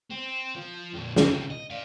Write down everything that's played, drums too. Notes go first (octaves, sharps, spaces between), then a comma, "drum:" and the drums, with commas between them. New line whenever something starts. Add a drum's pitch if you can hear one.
C4
F3
F2 A#2
C#3 C4, drum: snare
D#5
D5 F5